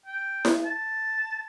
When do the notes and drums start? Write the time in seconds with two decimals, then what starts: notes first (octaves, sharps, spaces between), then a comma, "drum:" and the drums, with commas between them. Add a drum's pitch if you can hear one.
0.06 G5
0.45 drum: snare E4
0.64 A5